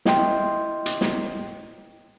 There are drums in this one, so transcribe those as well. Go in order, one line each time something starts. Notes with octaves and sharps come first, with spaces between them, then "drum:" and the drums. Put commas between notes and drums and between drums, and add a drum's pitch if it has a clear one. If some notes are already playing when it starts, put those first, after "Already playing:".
E4 D#5 G5 C6, drum: snare
drum: hi-hat
drum: snare